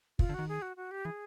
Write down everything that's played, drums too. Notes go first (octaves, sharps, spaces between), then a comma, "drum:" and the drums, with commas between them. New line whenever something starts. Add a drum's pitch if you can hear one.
A#2 F4, drum: kick
D3
D#3 F#4
G#4
F#4
F#4
G4
E3 G#4